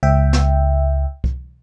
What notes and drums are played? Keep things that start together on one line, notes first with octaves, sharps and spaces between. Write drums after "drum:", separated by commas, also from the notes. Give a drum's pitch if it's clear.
C#2 E5 G5
drum: snare
drum: kick C2